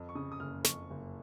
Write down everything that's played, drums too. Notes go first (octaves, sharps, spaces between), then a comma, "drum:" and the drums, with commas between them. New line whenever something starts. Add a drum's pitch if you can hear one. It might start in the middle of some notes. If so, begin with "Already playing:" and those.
Already playing: F2
C#6
C#3 D#6
D#6
F#1 F6
F2 C#6, drum: snare
F#1